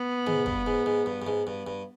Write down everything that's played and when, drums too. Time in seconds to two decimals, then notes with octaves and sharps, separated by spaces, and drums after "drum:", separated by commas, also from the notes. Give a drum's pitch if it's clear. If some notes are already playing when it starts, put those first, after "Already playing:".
Already playing: B3
0.27 G#2, drum: tom
0.46 G2, drum: kick
0.67 G#2
0.86 G#2
1.06 G2
1.22 G2
1.27 G#2
1.47 G2
1.67 G2